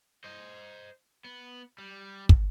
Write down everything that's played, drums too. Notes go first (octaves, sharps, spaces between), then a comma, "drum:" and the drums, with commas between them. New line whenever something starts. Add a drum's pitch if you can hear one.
C5 D#5
B3
G3
drum: kick